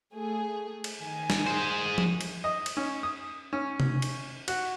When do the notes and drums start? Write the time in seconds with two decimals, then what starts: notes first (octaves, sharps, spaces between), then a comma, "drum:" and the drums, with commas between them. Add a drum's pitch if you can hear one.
0.13 A3 G#4
0.84 drum: cymbal
0.98 D#3 G#5
1.30 drum: snare
1.46 G#4 C5
1.98 drum: tom F3
2.21 drum: cymbal
2.44 D#5
2.66 drum: cymbal
2.77 C#4
3.03 D#6
3.53 C#4
3.80 drum: tom C3
4.02 drum: cymbal
4.48 F#4, drum: cymbal